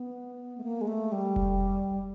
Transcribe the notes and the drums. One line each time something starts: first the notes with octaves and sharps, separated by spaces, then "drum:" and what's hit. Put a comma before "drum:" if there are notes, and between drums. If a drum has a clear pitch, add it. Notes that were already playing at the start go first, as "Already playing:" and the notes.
Already playing: B3
A3
A#3
G#3
A3
G3
drum: kick F1